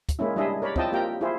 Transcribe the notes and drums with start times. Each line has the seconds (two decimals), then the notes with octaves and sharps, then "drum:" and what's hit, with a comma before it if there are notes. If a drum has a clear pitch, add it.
0.09 drum: kick, hi-hat
0.19 G#3 A#3 C#4 E4
0.36 G3 D4 E4 G#4 D#5 E5
0.62 A#4 C#5 D5 B5
0.76 C4 E4 F4 D#5 G5 A5, drum: kick
0.92 A#3 F4 G4 G5 A#5
1.21 E4 F4 G#4 C5